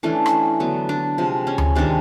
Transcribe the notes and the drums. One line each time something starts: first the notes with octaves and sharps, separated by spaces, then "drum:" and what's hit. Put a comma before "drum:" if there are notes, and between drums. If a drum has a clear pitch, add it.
E3 A3 C#4 D4
drum: rim click
D3 F#3 B3
D4
C3 F3 G#3
C#4
drum: tom D2
C3 D#3 G#3 D4